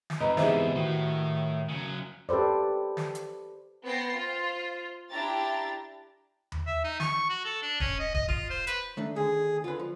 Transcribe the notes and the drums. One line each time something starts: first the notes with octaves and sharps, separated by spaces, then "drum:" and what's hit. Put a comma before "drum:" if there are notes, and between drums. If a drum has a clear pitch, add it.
drum: snare
F2 D#4 B4
F2 G#2 B2 E3 E4 G4 G#4 C5, drum: snare
A2 D#3 F#4
C#3 F#3
G4 A4 B4 C5 D5
drum: snare
drum: hi-hat
B3 C5 G5 A6 A#6 C7
F4 C5
D4 E4 G4 G5 A#5 A6
drum: tom D#2
E5
D#4
C#6, drum: snare
F#4
A4
D4
C#4, drum: kick
D#5
D#5, drum: kick
F4, drum: kick
C5
B4, drum: hi-hat
D#3 A3 D4
D#2 D3 G#4
D3 F4 B4
F3